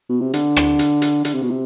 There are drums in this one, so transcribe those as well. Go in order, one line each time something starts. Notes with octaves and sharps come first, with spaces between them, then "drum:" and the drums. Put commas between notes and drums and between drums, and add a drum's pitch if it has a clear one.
B2
C3
D3, drum: hi-hat
drum: rim click
drum: hi-hat
drum: hi-hat
D3, drum: hi-hat
C3
B2
C3